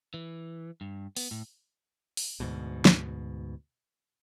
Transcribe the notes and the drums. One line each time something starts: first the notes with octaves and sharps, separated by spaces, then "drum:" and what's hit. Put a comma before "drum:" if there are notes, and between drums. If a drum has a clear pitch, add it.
E3
G2
B3, drum: open hi-hat
A2
drum: open hi-hat
D2 G#2 B2
drum: snare